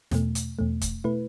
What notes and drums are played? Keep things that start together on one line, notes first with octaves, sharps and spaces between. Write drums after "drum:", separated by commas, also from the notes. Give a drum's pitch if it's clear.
E2 B2 A3, drum: snare
drum: hi-hat
E2 B2 A3
drum: kick, hi-hat
B2 A3 E4 B4